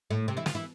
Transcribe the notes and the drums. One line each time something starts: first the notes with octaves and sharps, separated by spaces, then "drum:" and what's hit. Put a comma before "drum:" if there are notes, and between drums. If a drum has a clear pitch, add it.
A2 A3
C3 C4
E3 E4
F3 F4, drum: snare
E3 E4